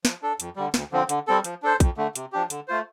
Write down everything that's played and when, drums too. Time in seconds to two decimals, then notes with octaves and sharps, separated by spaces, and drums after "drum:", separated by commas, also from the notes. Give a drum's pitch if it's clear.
0.05 F3, drum: snare
0.22 D4 A4
0.40 F2, drum: hi-hat
0.56 D3 G3
0.74 D2, drum: snare
0.92 D3 F3 C4
1.09 D3, drum: hi-hat
1.27 G3 C4 A4
1.44 F3, drum: hi-hat
1.63 D4 A4 C5
1.80 F2, drum: kick, hi-hat
1.97 D3 A3
2.15 C3, drum: hi-hat
2.33 F3 D4 G4
2.50 D3, drum: hi-hat
2.68 A3 F4 C5